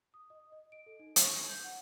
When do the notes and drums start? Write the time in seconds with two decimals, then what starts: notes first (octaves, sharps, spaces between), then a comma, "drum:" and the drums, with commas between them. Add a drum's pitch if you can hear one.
0.14 D#6
0.30 D#5
0.52 D#5
0.72 D7
0.86 A4
0.99 D#4
1.16 C#6, drum: hi-hat
1.48 G6
1.64 F#5